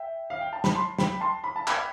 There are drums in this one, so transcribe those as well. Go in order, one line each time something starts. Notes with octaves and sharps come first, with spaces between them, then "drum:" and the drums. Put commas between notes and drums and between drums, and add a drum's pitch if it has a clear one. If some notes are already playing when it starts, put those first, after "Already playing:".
Already playing: E5 G5
F5
G5
A5
B5, drum: snare
A5 C6
G5 B5, drum: snare
A5 C6
B5
A5
G5 B5, drum: clap